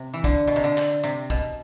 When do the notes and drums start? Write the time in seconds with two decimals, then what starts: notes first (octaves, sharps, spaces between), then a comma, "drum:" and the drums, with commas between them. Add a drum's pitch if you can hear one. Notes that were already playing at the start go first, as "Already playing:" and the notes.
Already playing: C3
0.14 E3
0.24 D3, drum: kick, hi-hat
0.47 B2
0.56 C3
0.64 D3
0.78 drum: clap
1.04 C3, drum: hi-hat
1.30 B2, drum: kick, hi-hat